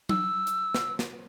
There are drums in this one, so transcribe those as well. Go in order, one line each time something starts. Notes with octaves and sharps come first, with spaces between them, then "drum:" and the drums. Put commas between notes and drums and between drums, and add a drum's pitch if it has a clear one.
E6, drum: tom F#3
drum: hi-hat
drum: snare
drum: snare